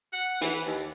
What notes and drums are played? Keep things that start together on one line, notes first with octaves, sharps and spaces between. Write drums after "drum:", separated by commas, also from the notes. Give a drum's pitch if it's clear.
F#5
E3, drum: hi-hat
D#2